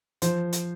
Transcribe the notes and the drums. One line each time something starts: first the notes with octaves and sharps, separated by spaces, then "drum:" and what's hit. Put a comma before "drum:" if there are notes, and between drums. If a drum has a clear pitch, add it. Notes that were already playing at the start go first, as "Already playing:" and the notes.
F3 C5, drum: hi-hat
drum: hi-hat